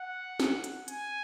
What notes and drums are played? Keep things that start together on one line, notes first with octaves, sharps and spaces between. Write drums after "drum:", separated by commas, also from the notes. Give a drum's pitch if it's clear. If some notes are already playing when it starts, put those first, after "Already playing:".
Already playing: F#5
drum: snare
drum: hi-hat
G#5, drum: hi-hat